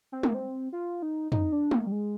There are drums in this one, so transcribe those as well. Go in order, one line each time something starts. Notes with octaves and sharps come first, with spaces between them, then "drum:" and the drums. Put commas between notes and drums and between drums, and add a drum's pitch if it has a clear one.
C4
A#3, drum: tom
C4
F4
D#4
D#4, drum: tom
D4
A#3, drum: tom
G3
G#3